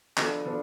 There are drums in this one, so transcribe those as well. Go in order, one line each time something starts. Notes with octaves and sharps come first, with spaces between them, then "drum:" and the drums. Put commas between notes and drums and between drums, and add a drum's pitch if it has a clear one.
F3 B3 D4 A4, drum: clap
F3 B3 D4 A4